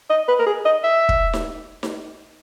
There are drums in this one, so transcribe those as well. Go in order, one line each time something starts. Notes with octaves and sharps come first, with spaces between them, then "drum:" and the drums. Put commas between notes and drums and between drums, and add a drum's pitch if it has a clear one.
D#5
B4
A#4
G#4
D#5
E5
drum: kick
drum: snare D#4
drum: snare D#4